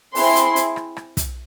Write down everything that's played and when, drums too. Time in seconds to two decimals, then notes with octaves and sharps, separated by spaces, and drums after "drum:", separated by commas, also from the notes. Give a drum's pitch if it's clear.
0.15 C4 E4 G#4 C6, drum: open hi-hat
0.35 drum: hi-hat
0.56 drum: hi-hat
0.76 drum: rim click
0.97 drum: rim click
1.17 drum: kick, hi-hat